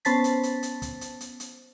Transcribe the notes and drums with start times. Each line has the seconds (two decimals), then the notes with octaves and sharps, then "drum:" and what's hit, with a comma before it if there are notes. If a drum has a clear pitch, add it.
0.05 B3 C#4 C5 A5 A6 B6, drum: hi-hat
0.24 drum: hi-hat
0.43 drum: hi-hat
0.63 drum: hi-hat
0.82 drum: kick, hi-hat
1.01 drum: hi-hat
1.21 drum: hi-hat
1.40 drum: hi-hat